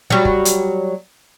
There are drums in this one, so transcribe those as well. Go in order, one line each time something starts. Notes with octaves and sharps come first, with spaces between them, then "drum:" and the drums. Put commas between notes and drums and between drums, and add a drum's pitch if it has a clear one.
F#3 G3
drum: kick
drum: hi-hat